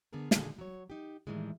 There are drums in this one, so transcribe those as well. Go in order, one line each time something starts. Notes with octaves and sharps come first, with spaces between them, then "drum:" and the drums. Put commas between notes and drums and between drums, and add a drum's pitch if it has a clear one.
D3 B3 G#4 A#4
A#2 D3 D#3 G#3 G#4, drum: snare
F#3 C#5
D#4 G4
A2 D#3 E3 G3 G#3